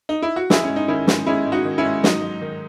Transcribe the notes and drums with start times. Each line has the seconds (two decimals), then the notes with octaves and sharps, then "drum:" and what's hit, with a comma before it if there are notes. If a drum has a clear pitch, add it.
0.09 D#4
0.22 E4
0.36 F#4
0.50 G#3 E4 G#4, drum: snare
0.64 C#4
0.69 G#2
0.76 D#4
0.88 D#3 C#4 E4
1.07 G#2, drum: snare
1.26 G#3 C#4 E4
1.46 G#2
1.52 D#4 F#4
1.65 D#3
1.78 C#4 E4
1.84 G#2
2.04 F#3 D#4, drum: snare
2.22 G#2
2.42 D#3